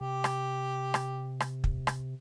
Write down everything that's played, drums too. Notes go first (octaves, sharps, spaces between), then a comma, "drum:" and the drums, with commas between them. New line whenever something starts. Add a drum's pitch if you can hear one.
C3 G4
drum: rim click
drum: rim click
drum: rim click
drum: kick
drum: rim click